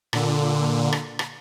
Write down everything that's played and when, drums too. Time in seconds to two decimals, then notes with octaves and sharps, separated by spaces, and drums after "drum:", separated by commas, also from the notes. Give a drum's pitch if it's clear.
0.13 A#2 D3, drum: rim click
0.93 drum: rim click
1.19 drum: rim click